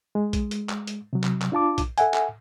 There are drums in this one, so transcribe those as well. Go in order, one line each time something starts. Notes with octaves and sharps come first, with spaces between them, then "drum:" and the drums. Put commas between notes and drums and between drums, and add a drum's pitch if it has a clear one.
G#3
drum: kick A#1, hi-hat
drum: hi-hat
drum: clap
drum: hi-hat
C3 F#3
drum: clap
drum: clap
D4 F4 A5 D6
drum: kick A#1, hi-hat
A4 E5 F#5 G#5, drum: hi-hat
drum: clap